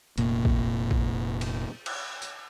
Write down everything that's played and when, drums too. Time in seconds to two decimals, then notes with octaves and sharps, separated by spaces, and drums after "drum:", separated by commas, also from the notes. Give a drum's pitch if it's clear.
0.18 F1 A#2 A#3, drum: hi-hat
0.45 drum: kick A1
0.91 drum: kick A1
1.41 drum: cymbal
1.86 drum: cymbal
2.22 drum: tambourine